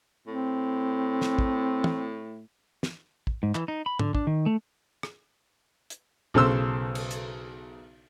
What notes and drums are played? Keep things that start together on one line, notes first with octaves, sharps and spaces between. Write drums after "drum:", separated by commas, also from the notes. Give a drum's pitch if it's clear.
A2 C4
drum: snare
drum: kick
drum: tom
drum: snare
drum: kick
G#2
E3, drum: clap
D#4
B5
D3, drum: tom
D4, drum: kick
D#3
A3
drum: rim click
drum: hi-hat
B1 C#3 A4 C5 C6 E6
drum: cymbal
drum: hi-hat